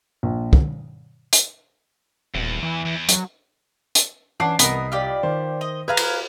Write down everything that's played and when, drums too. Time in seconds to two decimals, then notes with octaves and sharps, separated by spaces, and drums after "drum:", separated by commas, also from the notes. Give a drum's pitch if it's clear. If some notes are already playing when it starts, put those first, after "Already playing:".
0.23 A#1
0.53 drum: kick
1.33 drum: hi-hat
2.35 D#1 E2
2.63 E3
2.85 E2
3.09 F#3, drum: hi-hat
3.95 drum: hi-hat
4.40 E3 C#4 D4 F#5 D6 C7
4.59 C2 B3 A#4 D#5 B5 B6, drum: hi-hat
4.92 F4 G4 D5
5.23 D#3 C5
5.61 D#5
5.88 G#4 B4 F5 A#5 G#6
5.97 drum: cymbal